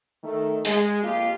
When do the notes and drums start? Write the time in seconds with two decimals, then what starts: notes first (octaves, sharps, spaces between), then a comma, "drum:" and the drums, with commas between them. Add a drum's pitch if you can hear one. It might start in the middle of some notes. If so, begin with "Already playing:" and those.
0.23 D#3 A3
0.65 G#3, drum: hi-hat
1.03 F2 A#3 F4 G4